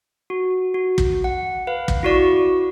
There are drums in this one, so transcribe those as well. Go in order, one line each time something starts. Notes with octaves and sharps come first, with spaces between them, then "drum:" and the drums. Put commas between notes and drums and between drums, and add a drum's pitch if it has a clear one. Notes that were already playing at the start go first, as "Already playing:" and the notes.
F#4
F#4
drum: kick
F#5
B4 F5
drum: kick
E4 F#4 D5 C#6